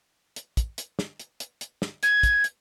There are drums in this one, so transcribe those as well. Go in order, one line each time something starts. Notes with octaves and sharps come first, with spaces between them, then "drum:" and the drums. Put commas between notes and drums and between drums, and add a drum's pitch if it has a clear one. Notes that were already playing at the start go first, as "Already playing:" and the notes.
drum: hi-hat
drum: kick, hi-hat
drum: hi-hat
drum: snare
drum: hi-hat
drum: hi-hat
drum: hi-hat
drum: snare
G#6, drum: hi-hat
drum: kick, hi-hat
drum: hi-hat